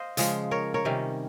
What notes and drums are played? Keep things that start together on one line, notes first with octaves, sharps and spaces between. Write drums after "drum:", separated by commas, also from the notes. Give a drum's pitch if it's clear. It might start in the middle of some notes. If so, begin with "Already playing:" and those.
Already playing: C5 D#5 F5
C#3 F3 G#3, drum: hi-hat
A#4 C#5
A#4 C#5
C3 D#3 G3 C#4